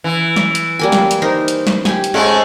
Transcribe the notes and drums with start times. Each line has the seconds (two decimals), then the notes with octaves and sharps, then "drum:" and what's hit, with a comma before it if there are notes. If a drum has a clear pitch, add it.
0.04 E3
0.36 drum: snare
0.55 drum: hi-hat
0.79 G3 A#3 G#5
0.92 drum: snare
1.11 drum: hi-hat
1.22 D#4 A#4 C5
1.48 drum: hi-hat
1.67 drum: snare
1.85 G4 G#5, drum: snare
2.04 drum: hi-hat
2.14 G#2 G#3 A3 C#4